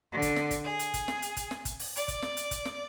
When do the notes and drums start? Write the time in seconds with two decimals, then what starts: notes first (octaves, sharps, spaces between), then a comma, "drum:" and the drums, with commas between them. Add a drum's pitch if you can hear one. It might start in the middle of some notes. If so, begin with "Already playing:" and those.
0.12 D3
0.22 drum: kick, hi-hat
0.36 drum: snare
0.51 drum: kick, hi-hat
0.65 G#4
0.79 drum: hi-hat
0.94 drum: kick, hi-hat
1.08 drum: snare
1.22 drum: hi-hat
1.37 drum: kick, hi-hat
1.51 drum: snare
1.65 drum: kick, hi-hat
1.79 drum: open hi-hat
1.96 D5, drum: hi-hat
2.08 drum: kick, hi-hat
2.22 drum: snare
2.37 drum: hi-hat
2.51 drum: kick, hi-hat
2.65 drum: snare